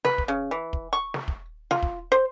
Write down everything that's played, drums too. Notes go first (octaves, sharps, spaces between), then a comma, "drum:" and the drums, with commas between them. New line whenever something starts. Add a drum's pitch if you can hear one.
B4, drum: snare
drum: kick
C#3
E3
drum: kick
C#6
drum: snare
drum: kick
F4, drum: snare
drum: kick
C5